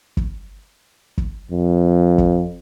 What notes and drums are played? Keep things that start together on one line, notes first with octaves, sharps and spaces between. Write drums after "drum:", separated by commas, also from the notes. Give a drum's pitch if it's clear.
drum: kick
drum: kick
F2
drum: kick